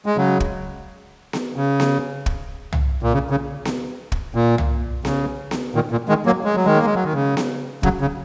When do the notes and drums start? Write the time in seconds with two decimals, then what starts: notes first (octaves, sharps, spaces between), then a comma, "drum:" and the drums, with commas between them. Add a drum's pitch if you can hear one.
0.06 G#3
0.17 C#3 F#3
0.40 drum: kick
1.33 drum: snare B3
1.56 C#3
1.80 drum: snare B3
2.26 drum: kick
2.72 drum: tom C2
3.03 A#2
3.14 C#3
3.31 C#3
3.65 drum: snare B3
4.12 drum: kick
4.35 A#2
4.58 drum: tom C2
5.05 C#3, drum: snare B3
5.51 drum: snare B3
5.75 A#2 D#3
5.91 A#2
6.09 D#3 G#3
6.26 F#3 A#3
6.45 G#3
6.55 F#3
6.66 D#3 G#3
6.77 A#3
6.85 G#3
6.95 F#3
7.04 D#3
7.14 C#3
7.37 drum: snare B3
7.83 C#3 F#3, drum: kick
8.01 C#3